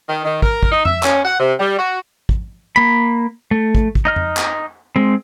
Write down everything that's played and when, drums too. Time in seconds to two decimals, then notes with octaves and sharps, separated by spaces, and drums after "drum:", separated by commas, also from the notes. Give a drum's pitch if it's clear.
0.08 D#3
0.25 D#3
0.42 A#4, drum: kick
0.63 drum: kick
0.72 D#4
0.85 E5, drum: tom F2
1.03 C#4, drum: clap
1.25 F#5
1.39 C3
1.60 G3
1.78 F#4
2.29 drum: kick
2.76 A#3 B5
3.51 A3
3.75 drum: kick
3.95 drum: kick
4.05 D#4 D#5 F6
4.16 drum: tom F2
4.37 drum: clap
4.96 G#3 C4